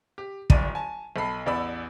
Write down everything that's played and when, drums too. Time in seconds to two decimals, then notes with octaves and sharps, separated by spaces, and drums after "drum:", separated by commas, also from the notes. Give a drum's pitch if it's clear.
0.18 G4
0.50 D1 G#1 D5 D#7, drum: kick
0.75 G#5 A5
1.16 B1 A4 B5 C7
1.46 A1 E2 D5 B5 E6